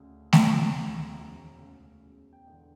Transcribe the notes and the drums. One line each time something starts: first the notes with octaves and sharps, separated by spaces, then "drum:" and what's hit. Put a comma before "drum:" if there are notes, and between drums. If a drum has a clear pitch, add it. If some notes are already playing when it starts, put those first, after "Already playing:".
Already playing: D2 C#3
E1 A#5, drum: snare A3
D2 C#3
E1
D2 C#3
E1
G5
E2 D3